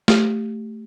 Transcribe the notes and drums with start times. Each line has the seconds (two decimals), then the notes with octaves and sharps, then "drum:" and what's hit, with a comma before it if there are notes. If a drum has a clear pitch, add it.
0.08 A3 G4, drum: snare